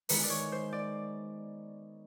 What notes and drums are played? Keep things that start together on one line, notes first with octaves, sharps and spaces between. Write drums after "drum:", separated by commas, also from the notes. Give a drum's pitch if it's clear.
D#3 G#3 B3 B4, drum: open hi-hat
D5
C#5
C5
D5